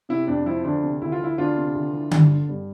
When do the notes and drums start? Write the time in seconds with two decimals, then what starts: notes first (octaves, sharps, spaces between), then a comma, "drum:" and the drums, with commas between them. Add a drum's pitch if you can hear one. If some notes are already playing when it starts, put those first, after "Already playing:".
0.09 C3 E4
0.27 F2 D4
0.46 F3 E4
0.64 D2 D4
0.83 C3
1.01 D2 E4
1.12 F4
1.19 E3 E4
1.38 D2 D4 F4
1.56 C3
1.74 D2
1.93 E3
2.11 G2, drum: tom D3
2.31 D3
2.49 G2